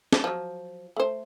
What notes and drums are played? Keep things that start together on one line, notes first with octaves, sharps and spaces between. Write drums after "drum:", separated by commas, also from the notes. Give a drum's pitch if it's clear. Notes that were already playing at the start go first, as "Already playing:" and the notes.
drum: snare
F3 F#3
A3 C5